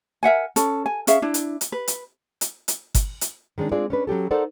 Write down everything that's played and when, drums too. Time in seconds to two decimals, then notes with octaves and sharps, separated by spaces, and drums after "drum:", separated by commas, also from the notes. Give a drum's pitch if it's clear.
0.23 A#4 E5 F#5 G#5
0.56 C#4 A4, drum: hi-hat
0.86 G#5
1.07 C#4 G#4 E5 F5, drum: hi-hat
1.22 D4 E4
1.34 drum: hi-hat
1.61 drum: hi-hat
1.72 B4
1.88 drum: hi-hat
2.41 drum: hi-hat
2.68 drum: hi-hat
2.95 drum: kick G1, hi-hat
3.21 drum: hi-hat
3.58 D#3 G#3 C#4 D4
3.72 G#3 C4 D4 F4 G#4 D5
3.90 C#4 D4 B4
4.07 F#3 C#4 G4 A4
4.31 D#4 A4 A#4 C5 D5 F#5